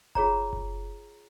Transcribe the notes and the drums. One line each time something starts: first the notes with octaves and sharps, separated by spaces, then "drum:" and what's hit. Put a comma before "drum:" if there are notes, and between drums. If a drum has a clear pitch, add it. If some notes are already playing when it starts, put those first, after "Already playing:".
F4 G#4 C#5 A#5, drum: kick F#1
drum: kick F#1